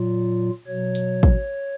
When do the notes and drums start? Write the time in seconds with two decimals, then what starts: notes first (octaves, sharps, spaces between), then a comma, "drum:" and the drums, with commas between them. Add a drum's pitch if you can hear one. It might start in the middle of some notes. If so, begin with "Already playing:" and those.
Already playing: A#2 F#3 F4
0.67 B2 F#3 C#5
0.95 drum: hi-hat
1.23 drum: kick